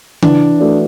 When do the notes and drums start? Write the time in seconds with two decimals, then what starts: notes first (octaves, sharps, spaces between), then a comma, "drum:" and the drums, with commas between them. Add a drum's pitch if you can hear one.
0.22 E3 D4, drum: tom C#3
0.60 A3 F#4 A4 D5